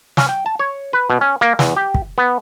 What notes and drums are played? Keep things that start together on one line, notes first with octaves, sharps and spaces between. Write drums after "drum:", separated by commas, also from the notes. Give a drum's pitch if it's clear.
C#4, drum: snare
G5
A5
C#5
B4
B2
C#4
A#3
E2, drum: snare
G4
drum: kick
B3